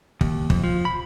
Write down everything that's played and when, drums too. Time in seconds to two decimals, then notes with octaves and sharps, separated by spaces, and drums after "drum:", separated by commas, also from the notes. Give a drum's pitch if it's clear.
0.21 D#2, drum: kick
0.50 F2, drum: kick
0.64 F3
0.85 B5